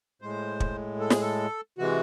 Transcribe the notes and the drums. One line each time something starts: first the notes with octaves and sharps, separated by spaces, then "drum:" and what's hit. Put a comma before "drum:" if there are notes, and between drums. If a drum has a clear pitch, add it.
A2 G#3 C5
drum: kick
A4
G#4, drum: snare
A4
C3 E3 G#3 F#4